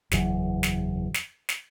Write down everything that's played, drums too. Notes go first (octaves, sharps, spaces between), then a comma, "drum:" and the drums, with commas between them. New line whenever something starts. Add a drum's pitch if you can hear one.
F#1 E2 E3 F#3, drum: snare
drum: snare
drum: snare
drum: snare